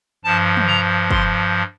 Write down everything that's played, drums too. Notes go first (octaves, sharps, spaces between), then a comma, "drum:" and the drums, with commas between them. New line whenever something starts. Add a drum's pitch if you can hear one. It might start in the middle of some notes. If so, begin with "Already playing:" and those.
G2 F3 A5
drum: tom
A#5
C6, drum: kick